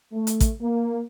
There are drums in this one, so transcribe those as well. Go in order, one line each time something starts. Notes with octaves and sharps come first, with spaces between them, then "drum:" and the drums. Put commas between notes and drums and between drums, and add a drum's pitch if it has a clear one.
A3
drum: hi-hat
drum: kick, hi-hat
A#3